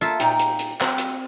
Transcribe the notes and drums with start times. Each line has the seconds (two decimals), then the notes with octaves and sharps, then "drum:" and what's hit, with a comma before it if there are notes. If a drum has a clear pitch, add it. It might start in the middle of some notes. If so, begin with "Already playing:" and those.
0.01 A#3 F4 A4 E5
0.20 A#2 D#4 G5, drum: hi-hat
0.39 drum: hi-hat
0.59 drum: hi-hat
0.81 F#3 C4, drum: clap
0.98 drum: hi-hat